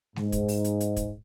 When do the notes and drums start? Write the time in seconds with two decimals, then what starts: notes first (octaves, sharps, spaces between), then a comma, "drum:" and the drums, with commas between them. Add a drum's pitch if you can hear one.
0.16 G#2, drum: snare G#3
0.32 drum: kick, hi-hat
0.48 drum: open hi-hat
0.64 drum: hi-hat
0.80 drum: hi-hat
0.96 drum: kick, hi-hat